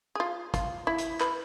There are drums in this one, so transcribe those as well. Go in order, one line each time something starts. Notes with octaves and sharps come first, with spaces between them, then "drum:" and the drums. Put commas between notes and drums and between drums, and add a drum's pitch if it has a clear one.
G#4
F4
F4, drum: kick, hi-hat
E4
drum: hi-hat
B4, drum: clap